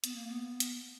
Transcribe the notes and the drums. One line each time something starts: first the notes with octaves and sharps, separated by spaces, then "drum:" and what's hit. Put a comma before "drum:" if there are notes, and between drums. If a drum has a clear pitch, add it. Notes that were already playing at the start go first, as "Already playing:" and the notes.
B3, drum: hi-hat
A#3
B3
drum: hi-hat